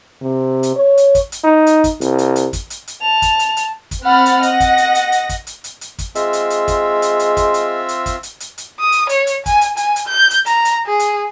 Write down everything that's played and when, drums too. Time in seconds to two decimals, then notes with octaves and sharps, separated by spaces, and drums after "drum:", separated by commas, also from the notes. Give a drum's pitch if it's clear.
0.22 C3
0.63 drum: hi-hat
0.76 C#5
0.98 drum: hi-hat
1.15 drum: kick, hi-hat
1.32 drum: hi-hat
1.44 D#4
1.67 drum: hi-hat
1.84 drum: kick, hi-hat
2.01 C2, drum: hi-hat
2.18 drum: hi-hat
2.36 drum: hi-hat
2.53 drum: kick, hi-hat
2.70 drum: hi-hat
2.88 drum: hi-hat
3.02 A5 F7
3.22 drum: kick, hi-hat
3.39 drum: hi-hat
3.57 drum: hi-hat
3.91 drum: kick, hi-hat
4.04 C4 F#5 B5 F6 A6
4.26 drum: hi-hat
4.43 D#5 F#5 A#6, drum: hi-hat
4.60 drum: kick, hi-hat
4.78 drum: hi-hat
4.95 drum: hi-hat
5.12 drum: hi-hat
5.29 drum: kick, hi-hat
5.47 drum: hi-hat
5.64 drum: hi-hat
5.81 drum: hi-hat
5.99 drum: kick, hi-hat
6.15 G#3 C4 F4 E5, drum: hi-hat
6.33 drum: hi-hat
6.50 drum: hi-hat
6.68 drum: kick, hi-hat
7.02 drum: hi-hat
7.19 drum: hi-hat
7.37 drum: kick, hi-hat
7.54 drum: hi-hat
7.89 drum: hi-hat
8.06 drum: kick, hi-hat
8.23 drum: hi-hat
8.40 drum: hi-hat
8.58 drum: hi-hat
8.79 D#6
8.92 drum: hi-hat
9.09 C#5, drum: hi-hat
9.27 drum: hi-hat
9.46 G#5, drum: kick, hi-hat
9.61 drum: hi-hat
9.77 G#5, drum: hi-hat
9.96 drum: hi-hat
10.07 G6
10.30 drum: hi-hat
10.46 A#5, drum: hi-hat
10.65 drum: hi-hat
10.86 G#4
11.00 drum: hi-hat